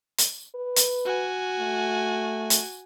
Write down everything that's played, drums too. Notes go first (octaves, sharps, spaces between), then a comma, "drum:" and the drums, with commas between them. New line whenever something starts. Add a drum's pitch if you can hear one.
drum: hi-hat
B4
drum: hi-hat
F#4 G#5
A3
drum: hi-hat